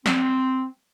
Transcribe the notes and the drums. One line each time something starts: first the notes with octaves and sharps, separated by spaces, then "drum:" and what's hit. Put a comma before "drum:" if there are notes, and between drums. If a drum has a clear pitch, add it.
C4, drum: snare